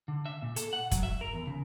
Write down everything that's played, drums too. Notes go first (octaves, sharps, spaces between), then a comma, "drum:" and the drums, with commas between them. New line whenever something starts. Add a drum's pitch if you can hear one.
D3
E5
A#2
A4, drum: hi-hat
F#5
F#3, drum: kick, hi-hat
E5
A#4
E2
C#3